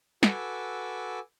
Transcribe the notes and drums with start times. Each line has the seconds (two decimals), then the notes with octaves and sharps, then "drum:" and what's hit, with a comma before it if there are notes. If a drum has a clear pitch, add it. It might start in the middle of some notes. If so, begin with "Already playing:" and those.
0.23 F#4 A4 B4 G#5 D6 E6, drum: snare